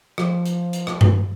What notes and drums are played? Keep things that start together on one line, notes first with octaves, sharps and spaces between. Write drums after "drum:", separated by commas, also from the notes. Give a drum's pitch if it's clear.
F3, drum: rim click
drum: hi-hat
drum: hi-hat
drum: rim click
drum: tom G2